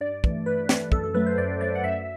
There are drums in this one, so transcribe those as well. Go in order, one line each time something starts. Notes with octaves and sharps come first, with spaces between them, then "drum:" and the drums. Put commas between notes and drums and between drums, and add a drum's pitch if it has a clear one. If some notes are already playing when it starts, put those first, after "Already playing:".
G2 D5
E3 A3, drum: kick
G2 B4
E3 A3, drum: snare
F#2 A4, drum: kick
A4
F#3 A3 B4
C5
F#2 D5
F#3 A3 D5
F#5
F#2 E5